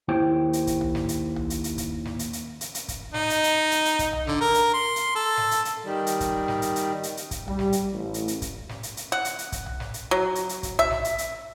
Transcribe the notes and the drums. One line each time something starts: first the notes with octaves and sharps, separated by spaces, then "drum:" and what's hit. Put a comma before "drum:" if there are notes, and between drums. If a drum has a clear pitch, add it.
D#2 E4 G4 C5 C#5 G5
drum: hi-hat
drum: kick, hi-hat
drum: tom B1
drum: snare
drum: hi-hat
drum: tom B1
drum: hi-hat
drum: hi-hat
drum: kick, hi-hat
drum: snare
drum: hi-hat
drum: hi-hat
drum: hi-hat
drum: hi-hat
drum: kick, hi-hat
D#4, drum: snare
drum: hi-hat
drum: hi-hat
drum: hi-hat
drum: hi-hat
drum: kick, hi-hat
drum: tom B1
D3, drum: snare
A#4
drum: hi-hat
C6
drum: hi-hat
A4
drum: snare
drum: hi-hat
drum: hi-hat
D#3 G3
drum: hi-hat
drum: kick, hi-hat
drum: snare
drum: hi-hat
drum: hi-hat
drum: hi-hat
drum: hi-hat
drum: kick, hi-hat
G3, drum: tom B1
drum: snare
drum: hi-hat
A1
drum: hi-hat
drum: hi-hat
drum: kick, hi-hat
drum: snare
drum: hi-hat
drum: hi-hat
F#5
drum: hi-hat
drum: hi-hat
drum: kick, hi-hat
drum: tom B1
drum: snare
drum: hi-hat
F#3
drum: hi-hat
drum: hi-hat
drum: kick, hi-hat
E5, drum: tom B1
drum: snare
drum: hi-hat
drum: hi-hat